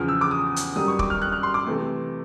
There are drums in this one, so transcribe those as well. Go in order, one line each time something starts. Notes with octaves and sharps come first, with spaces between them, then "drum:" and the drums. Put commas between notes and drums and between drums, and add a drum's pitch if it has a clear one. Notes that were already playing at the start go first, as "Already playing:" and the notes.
Already playing: E2 C#3 F3 F6
E6
D6
D#6
drum: hi-hat
F#2 D#3 G3 D#6
C#6
D6, drum: kick
F6
F#6
F6
C6
D6
C3 E3 A3